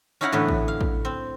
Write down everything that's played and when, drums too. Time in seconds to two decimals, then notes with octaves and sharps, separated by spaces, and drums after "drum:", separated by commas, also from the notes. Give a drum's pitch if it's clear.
0.21 C#4 D#4 E4 F5 F#5 A#5
0.32 A2 D3 E3 B3 B4
0.48 drum: kick
0.68 F5
0.81 drum: kick
1.05 C4